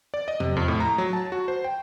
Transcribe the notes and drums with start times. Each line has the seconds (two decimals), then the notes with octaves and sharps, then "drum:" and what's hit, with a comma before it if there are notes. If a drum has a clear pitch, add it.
0.14 D5
0.28 D#5
0.40 C3, drum: tom E2
0.57 F2
0.68 A2
0.80 A#5
0.98 F#3
1.13 A5
1.32 F#4
1.48 C5
1.64 G5